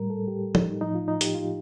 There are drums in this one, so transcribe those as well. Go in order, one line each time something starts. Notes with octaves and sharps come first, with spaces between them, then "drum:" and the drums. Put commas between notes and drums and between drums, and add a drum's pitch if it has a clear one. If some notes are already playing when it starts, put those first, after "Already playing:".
Already playing: A2 G3 A#4
A4
G4
D#4, drum: tom
A2 F3 D#4
F4
D#4
G4, drum: hi-hat
F4